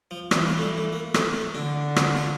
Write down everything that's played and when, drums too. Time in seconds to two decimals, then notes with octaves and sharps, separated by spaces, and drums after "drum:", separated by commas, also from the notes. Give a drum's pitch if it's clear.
0.11 F3
0.31 E3 G3, drum: rim click
0.47 F3
0.57 A3
0.62 G3
0.78 A3
0.93 A#3
1.14 A3, drum: rim click
1.35 A3
1.55 D3 D4
1.96 drum: rim click
2.16 F4